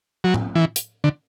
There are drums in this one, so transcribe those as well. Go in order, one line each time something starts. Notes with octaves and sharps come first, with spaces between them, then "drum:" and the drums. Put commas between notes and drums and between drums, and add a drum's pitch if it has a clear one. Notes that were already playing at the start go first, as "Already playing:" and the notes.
F#3
drum: tom A2
E3
drum: hi-hat
D3